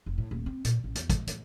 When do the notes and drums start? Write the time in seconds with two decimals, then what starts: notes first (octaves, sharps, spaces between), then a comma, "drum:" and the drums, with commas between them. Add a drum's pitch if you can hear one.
0.06 F1
0.18 A2
0.31 D#1
0.46 C4
0.64 A#2, drum: hi-hat
0.84 A1
0.95 E2, drum: hi-hat
1.10 G#3, drum: kick, hi-hat
1.27 G#3, drum: hi-hat